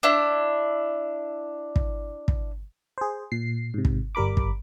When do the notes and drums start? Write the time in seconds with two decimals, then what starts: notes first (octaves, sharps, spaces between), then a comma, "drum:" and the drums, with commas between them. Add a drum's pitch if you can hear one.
0.03 D4 E4
1.76 drum: kick
2.28 drum: kick
2.98 G#4 C5
3.32 A#2 C7
3.74 G#2 C3
3.85 drum: kick
4.15 G1 G3 A#4 B5 D6
4.37 drum: kick